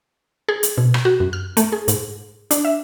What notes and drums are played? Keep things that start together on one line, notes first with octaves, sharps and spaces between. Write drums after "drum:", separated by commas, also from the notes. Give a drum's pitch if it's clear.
G#4
drum: hi-hat
B2
drum: rim click
F#4
F#2
F6
A3, drum: hi-hat
G#4
G#2, drum: hi-hat
D4, drum: hi-hat
E5